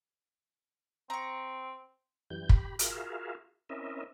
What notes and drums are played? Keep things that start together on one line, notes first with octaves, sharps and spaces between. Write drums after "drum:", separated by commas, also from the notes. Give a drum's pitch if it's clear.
C4 A#5 C#6
F#2 E3 G3 G6
G4 B5, drum: kick
F4 F#4 G#4 A#4 E5 F5, drum: hi-hat
C4 C#4 E4 A#4 D#5 E5